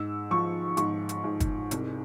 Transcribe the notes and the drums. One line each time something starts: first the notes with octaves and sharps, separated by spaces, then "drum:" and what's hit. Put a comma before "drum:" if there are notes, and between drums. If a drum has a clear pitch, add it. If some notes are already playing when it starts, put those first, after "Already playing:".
Already playing: G#2 E6
F3 C#6
G#2 C#6, drum: hi-hat
drum: hi-hat
G#2
drum: kick, hi-hat
C2, drum: hi-hat